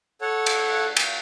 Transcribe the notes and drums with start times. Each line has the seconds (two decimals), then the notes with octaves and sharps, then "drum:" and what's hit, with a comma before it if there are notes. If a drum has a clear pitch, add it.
0.21 A4 C#5 F#5
0.46 drum: cymbal
0.97 drum: cymbal